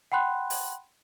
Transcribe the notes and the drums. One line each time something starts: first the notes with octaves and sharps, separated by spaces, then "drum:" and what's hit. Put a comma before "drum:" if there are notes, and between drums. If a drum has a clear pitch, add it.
F#5 G5 B5 C6 F#6
drum: open hi-hat